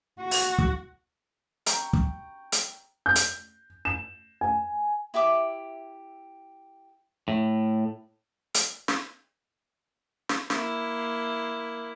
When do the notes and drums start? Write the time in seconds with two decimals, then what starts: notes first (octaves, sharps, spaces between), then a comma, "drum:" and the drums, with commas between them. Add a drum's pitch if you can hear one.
0.22 F#4
0.31 drum: open hi-hat
0.59 drum: kick
1.66 G5 A#5 C#6, drum: hi-hat
1.93 drum: kick
2.52 drum: hi-hat
3.06 G6
3.15 drum: hi-hat
3.85 E7
4.41 G#5
5.14 E4 G4 E5 D6
7.28 A2
8.54 drum: hi-hat
8.88 drum: snare
10.29 drum: snare
10.50 A#3 E4, drum: snare